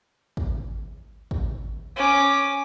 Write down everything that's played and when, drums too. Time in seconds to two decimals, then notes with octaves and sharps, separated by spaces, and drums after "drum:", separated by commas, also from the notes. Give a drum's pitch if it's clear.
0.37 drum: kick
1.31 drum: kick
1.96 C#4 D6